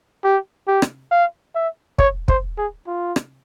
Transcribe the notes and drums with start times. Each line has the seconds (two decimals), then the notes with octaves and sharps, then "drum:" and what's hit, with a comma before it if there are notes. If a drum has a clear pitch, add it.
0.24 G4
0.67 G4
0.82 drum: rim click
1.11 F5
1.55 E5
1.98 C#5, drum: kick
2.28 C5, drum: kick
2.58 G#4
2.87 F4
3.16 drum: rim click